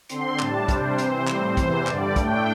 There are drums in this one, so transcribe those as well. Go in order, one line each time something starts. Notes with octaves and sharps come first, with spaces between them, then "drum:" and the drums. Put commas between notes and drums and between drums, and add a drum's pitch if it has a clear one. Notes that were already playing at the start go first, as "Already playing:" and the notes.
D3 C4 C6, drum: hi-hat
A2 G3 D4 A5, drum: clap
C3 G3 D4 C5, drum: kick, hi-hat
C3 E3 C4, drum: hi-hat
A2 G3 C4, drum: clap
E2 C3 E3 C5, drum: kick, hi-hat
G2 D3 G3 D5, drum: clap
A2 A3 D4 G5, drum: kick, hi-hat